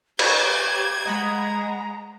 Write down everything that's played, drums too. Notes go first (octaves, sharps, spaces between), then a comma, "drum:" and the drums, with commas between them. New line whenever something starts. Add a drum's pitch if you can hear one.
G4 B4 C#5 G6 G#6, drum: cymbal
G#3 D#5 F#5 A#5 B5